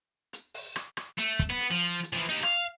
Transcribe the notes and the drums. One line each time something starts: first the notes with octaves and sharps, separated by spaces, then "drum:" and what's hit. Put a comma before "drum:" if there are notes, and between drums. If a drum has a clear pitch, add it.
drum: hi-hat
drum: open hi-hat
drum: rim click
drum: rim click
A3, drum: hi-hat
drum: kick, hi-hat
B3
drum: hi-hat
F3
drum: hi-hat
E3 F3
D#4 G4
F5, drum: rim click